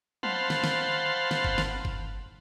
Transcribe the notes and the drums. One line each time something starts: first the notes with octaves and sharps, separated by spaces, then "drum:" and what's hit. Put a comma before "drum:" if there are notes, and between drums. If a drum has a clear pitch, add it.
C5 F5 F#5 A5 B5 C6, drum: tom F3
drum: snare
drum: snare
drum: snare
drum: kick G1
drum: snare
drum: kick G1